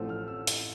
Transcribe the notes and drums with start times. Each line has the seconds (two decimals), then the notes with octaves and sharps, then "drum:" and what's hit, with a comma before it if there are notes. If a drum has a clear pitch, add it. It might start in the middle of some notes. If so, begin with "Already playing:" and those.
Already playing: A1 A2 F3 A3 C4 E6
0.09 F6
0.28 E6
0.47 drum: hi-hat